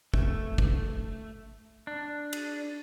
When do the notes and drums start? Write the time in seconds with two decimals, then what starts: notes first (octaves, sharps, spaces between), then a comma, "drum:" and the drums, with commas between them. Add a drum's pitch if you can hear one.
0.14 A3, drum: kick
0.58 drum: kick
1.87 D4
2.33 drum: cymbal